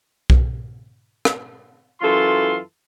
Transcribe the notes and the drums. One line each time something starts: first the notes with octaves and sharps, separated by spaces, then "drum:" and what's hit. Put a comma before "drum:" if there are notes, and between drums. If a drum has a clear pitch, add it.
drum: kick B1
drum: rim click
F#2 E3 F4 A4 C6